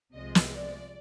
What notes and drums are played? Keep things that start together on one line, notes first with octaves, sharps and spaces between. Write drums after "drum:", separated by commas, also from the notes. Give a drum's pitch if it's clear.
C2 C3 F3 G#3 D#5
drum: snare
D5